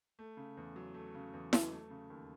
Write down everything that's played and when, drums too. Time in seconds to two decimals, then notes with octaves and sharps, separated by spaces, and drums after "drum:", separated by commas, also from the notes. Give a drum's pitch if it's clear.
0.19 A3
0.37 C#3
0.57 E2
0.76 F#3
0.94 A3
1.14 C#3
1.33 E2
1.53 F#3, drum: snare E4
1.72 A3
1.90 C#3
2.10 D#2